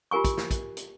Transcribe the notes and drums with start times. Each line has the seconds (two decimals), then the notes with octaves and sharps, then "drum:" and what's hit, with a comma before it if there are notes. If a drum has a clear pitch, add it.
0.11 F4 G4 A#4 G#5 C#6
0.24 drum: kick, hi-hat
0.38 drum: snare
0.51 drum: kick, hi-hat
0.77 drum: hi-hat